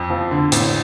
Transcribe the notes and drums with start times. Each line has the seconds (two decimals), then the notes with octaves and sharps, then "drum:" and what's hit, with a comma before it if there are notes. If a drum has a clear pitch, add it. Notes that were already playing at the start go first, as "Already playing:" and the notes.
Already playing: F2
0.10 F3
0.31 D3
0.52 A1, drum: hi-hat